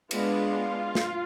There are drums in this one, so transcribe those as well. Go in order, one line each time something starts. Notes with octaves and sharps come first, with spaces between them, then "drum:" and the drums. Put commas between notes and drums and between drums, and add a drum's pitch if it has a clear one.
G#3 B3 D4 F4, drum: cymbal
drum: snare